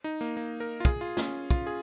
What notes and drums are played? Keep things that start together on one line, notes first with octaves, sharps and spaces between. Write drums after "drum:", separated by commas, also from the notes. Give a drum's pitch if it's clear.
D#4
A#3
A#3
A#4
F4
G#4, drum: kick
F4
C#4, drum: snare
F4, drum: kick
G#4